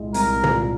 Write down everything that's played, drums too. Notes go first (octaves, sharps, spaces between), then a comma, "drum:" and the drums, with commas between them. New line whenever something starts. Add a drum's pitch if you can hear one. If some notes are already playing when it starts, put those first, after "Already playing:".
Already playing: C2 A#2 G#3 E4
C2 A#4, drum: hi-hat
A#2, drum: tom